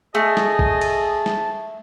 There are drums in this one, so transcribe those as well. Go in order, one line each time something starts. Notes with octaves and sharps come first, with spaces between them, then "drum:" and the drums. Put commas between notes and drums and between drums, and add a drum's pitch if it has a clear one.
A3 G#4 D#5 A5
drum: snare
drum: kick A1
drum: cymbal
drum: snare